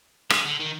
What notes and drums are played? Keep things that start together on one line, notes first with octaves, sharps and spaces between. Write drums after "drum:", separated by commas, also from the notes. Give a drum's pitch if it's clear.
G#3, drum: rim click
D3
D#3